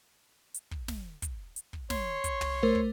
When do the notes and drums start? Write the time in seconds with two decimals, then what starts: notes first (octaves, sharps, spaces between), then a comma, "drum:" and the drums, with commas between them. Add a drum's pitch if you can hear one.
0.54 drum: hi-hat
0.71 drum: kick
0.88 drum: snare
1.22 drum: kick, hi-hat
1.56 drum: hi-hat
1.73 drum: kick
1.90 C#5 C6 C#6, drum: snare
2.24 drum: kick, hi-hat
2.41 drum: tom
2.63 A3 A#4 C5
2.75 drum: kick